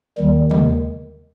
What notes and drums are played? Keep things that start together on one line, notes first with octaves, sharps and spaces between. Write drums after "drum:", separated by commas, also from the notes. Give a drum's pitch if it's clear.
D#2 D#3 G3
G#3, drum: tom C3